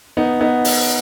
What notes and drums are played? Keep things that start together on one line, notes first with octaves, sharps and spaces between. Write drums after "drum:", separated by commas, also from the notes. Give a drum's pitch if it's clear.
B3 D#4
B3 D#4
drum: open hi-hat